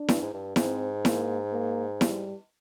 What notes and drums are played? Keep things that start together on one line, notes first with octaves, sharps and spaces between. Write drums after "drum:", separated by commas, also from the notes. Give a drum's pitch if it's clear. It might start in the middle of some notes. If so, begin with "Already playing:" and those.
Already playing: D4
G2, drum: snare E4
G#2
G2
G#2 C4, drum: snare E4
A#3, drum: snare E4
A#3
G3, drum: snare E4